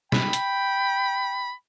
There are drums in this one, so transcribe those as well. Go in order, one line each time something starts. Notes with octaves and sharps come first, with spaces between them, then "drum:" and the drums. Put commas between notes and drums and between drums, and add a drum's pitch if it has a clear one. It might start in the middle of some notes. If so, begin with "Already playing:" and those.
G5 B5, drum: snare
drum: hi-hat